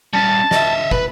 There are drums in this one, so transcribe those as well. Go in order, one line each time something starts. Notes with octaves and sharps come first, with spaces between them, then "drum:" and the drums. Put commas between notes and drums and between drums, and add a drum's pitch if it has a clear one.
G3 C#4 A5
D#5 E5, drum: snare
B4, drum: kick